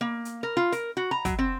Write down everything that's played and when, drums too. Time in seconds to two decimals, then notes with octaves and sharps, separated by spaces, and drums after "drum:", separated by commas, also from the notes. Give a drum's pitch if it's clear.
0.01 A#3
0.25 drum: hi-hat
0.43 A#4
0.57 F4
0.72 A#4, drum: hi-hat
0.97 F#4
1.11 A#5
1.25 F#3, drum: kick, hi-hat
1.39 C4